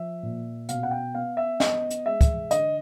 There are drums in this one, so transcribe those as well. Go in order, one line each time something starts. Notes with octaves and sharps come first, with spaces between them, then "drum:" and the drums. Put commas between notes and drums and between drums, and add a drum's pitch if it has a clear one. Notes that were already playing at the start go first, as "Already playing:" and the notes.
Already playing: F3 E5
A#2
B2 F5, drum: hi-hat
F#5
G5
B3 F5
E5
B3 D#5, drum: snare
drum: hi-hat
G#3 E5
drum: kick, hi-hat
D3 D#5, drum: hi-hat